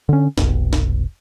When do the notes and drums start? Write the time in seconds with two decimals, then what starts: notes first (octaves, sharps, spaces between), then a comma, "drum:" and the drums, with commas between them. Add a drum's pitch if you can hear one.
0.09 D3 C#4
0.38 F1 B1, drum: snare
0.73 drum: snare